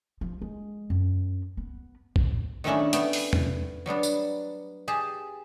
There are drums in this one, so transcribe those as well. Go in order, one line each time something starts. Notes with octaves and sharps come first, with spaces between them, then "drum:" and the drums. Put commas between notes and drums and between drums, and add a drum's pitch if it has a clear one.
F3
G#3
F#2
B3
A2, drum: kick
D#3 F#3 A3 C#4 D4 E4
A3 B3 G5, drum: hi-hat
drum: open hi-hat
drum: tom E2
F#3 G3 B3 D4
drum: tambourine
G4 G#4 A5